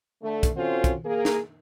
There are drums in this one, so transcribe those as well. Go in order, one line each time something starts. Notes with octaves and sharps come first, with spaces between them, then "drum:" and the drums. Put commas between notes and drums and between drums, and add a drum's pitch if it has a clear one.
D3 A3
drum: kick, hi-hat
C4 C#4 F4 F#4 A4 C5
drum: kick, hi-hat
A#3 G#4 A#4
drum: snare